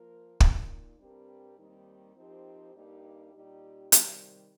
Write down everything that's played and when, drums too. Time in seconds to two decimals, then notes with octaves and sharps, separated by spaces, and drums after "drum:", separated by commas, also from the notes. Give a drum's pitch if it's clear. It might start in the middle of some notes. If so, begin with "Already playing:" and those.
Already playing: F3 A#3 F4 A#4
0.40 A#2 A#3 D#4, drum: kick
0.99 G2 G3 C4 G4 A#4
1.57 D#2 D#3 G3 C4 D#4
2.15 F3 C4 D#4 G4 A#4
2.75 G2 G3 A#3 D#4 G4
3.34 A#2 G3 D#4 G4
3.92 C3 D#3 G3, drum: hi-hat